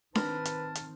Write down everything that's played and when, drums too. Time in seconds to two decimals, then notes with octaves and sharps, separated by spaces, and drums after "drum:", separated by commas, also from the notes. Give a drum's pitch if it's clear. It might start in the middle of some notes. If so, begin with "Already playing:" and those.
0.15 D#3 C4 A#4 B4 A5, drum: snare D4
0.45 drum: hi-hat
0.75 drum: hi-hat